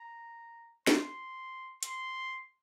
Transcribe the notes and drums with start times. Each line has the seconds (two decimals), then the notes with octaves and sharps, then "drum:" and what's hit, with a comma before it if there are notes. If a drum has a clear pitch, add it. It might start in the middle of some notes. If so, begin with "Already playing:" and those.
Already playing: A#5
0.87 C6, drum: snare
1.83 C6, drum: hi-hat